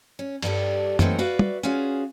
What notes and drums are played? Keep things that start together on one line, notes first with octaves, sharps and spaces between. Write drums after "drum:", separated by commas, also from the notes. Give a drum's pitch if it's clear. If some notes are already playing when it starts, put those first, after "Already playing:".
C#4
G2 G3 G4 A4, drum: cymbal
E3 F#3 A3 A#3 C4 D#4, drum: tom F#2
F#4 B4 D5 E5 F5
drum: tom
C#4 F4 F#4 G#4 F5